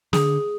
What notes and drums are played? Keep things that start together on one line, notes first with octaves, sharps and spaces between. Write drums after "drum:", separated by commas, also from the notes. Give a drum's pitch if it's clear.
D3 G#4, drum: snare